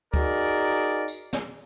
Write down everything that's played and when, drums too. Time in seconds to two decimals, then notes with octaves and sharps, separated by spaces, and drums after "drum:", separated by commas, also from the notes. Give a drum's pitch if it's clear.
0.14 D#4 F#4 G#4 A#4 D5, drum: kick C#2
1.08 drum: tambourine
1.33 drum: snare